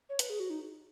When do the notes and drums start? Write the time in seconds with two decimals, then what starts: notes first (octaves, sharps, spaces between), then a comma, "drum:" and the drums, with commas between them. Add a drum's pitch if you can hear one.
0.09 C#5
0.19 B4, drum: hi-hat
0.30 G#4
0.40 F#4
0.50 D#4